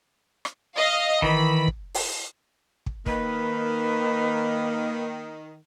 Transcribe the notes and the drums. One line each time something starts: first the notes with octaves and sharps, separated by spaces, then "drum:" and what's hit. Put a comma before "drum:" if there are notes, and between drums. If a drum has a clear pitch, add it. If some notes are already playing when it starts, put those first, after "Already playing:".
drum: rim click
D#5 F5
D#3 E3 B5, drum: kick
drum: kick
drum: open hi-hat
drum: kick
D#3 A#3 B4, drum: kick